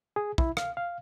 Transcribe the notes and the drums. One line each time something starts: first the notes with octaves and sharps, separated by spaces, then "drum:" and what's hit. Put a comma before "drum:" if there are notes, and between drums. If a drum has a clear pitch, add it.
G#4
E4, drum: kick
F5, drum: rim click
F5